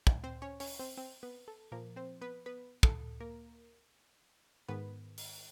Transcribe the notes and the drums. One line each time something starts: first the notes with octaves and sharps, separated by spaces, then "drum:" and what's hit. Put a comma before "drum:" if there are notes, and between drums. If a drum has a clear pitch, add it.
drum: kick
C4 C5
C#4 C#5
C#4 C#5, drum: open hi-hat
C4 C5
C4 C5
B3 B4
A4
A#2 F3 A#3 A#4
C4 C5
B3 B4
B3 B4
A4, drum: kick
A#3 A#4
G#2 D#3 B3 B4
drum: open hi-hat